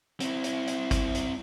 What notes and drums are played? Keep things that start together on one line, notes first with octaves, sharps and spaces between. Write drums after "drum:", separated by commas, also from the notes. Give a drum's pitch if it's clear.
C4 E4, drum: hi-hat
drum: hi-hat
drum: hi-hat
drum: kick, hi-hat
drum: hi-hat